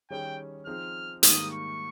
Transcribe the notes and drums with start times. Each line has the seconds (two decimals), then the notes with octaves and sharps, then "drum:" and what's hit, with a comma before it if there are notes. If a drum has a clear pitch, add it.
0.10 D#3 G3 C#4 G#4 C#5 G5
0.66 F3 C4 D#4 G#4 C5 F6
1.23 G#2 D#3 G3 A#3 D#4 D#6, drum: hi-hat
1.50 C#6